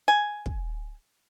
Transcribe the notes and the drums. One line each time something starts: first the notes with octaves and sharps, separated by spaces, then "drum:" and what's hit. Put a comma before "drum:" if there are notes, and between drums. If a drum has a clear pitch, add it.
G#5
drum: kick